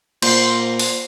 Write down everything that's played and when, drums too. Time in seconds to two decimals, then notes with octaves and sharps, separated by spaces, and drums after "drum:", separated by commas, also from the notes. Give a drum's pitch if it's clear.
0.22 A#2 C5 C7, drum: cymbal
0.79 drum: open hi-hat